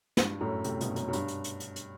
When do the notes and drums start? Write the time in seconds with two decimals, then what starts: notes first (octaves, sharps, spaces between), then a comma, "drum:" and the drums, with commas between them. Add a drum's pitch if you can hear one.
0.17 G2, drum: snare
0.41 F#2 A2
0.64 A2 C3, drum: hi-hat
0.81 G2 B2, drum: hi-hat
0.96 F#2, drum: hi-hat
1.08 F#2
1.13 G2, drum: hi-hat
1.28 drum: hi-hat
1.44 drum: hi-hat
1.60 drum: hi-hat
1.76 drum: hi-hat